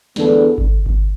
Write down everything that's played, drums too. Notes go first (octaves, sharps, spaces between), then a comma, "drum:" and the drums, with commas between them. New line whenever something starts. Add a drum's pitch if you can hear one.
E2 D3 B3 D4 A4, drum: snare
drum: kick G1
drum: kick G1